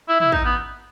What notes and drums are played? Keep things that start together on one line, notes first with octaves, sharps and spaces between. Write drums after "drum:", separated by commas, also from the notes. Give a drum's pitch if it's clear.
E4
E4, drum: tom
D#4, drum: kick
B3